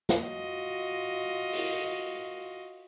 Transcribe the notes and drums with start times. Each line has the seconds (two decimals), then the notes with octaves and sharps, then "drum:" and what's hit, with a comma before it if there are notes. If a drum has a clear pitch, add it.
0.09 drum: snare
0.21 F4 F#4 D#5
1.53 drum: open hi-hat